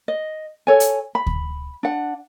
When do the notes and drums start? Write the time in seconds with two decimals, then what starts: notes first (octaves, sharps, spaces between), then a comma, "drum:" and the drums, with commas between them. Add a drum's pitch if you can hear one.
0.08 D#5
0.67 A4 C#5 G#5
0.80 drum: hi-hat
1.15 B5
1.26 drum: kick D2
1.83 D4 F#5